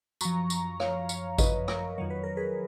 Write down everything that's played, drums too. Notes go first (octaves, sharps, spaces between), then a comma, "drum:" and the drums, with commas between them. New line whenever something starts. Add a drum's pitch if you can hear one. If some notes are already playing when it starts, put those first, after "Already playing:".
F#2 F3 A#5 C#6, drum: tambourine
A#5 C#6, drum: tambourine
C#5 F5, drum: rim click
C#5 F5, drum: tambourine
B4 D#5, drum: kick G#1, tambourine
A#4 C#5, drum: rim click
F2 D#3 F#3 C#5
B4
A#4
G#4 B4